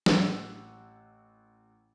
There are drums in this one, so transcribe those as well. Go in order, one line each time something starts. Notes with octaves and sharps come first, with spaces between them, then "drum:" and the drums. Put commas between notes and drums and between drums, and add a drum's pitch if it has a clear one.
A1 F#5 E6, drum: snare